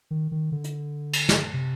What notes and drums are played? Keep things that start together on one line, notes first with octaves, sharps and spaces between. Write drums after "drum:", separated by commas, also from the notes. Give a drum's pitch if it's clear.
D#3
D#3
D3
drum: hi-hat
drum: cymbal
drum: snare
C3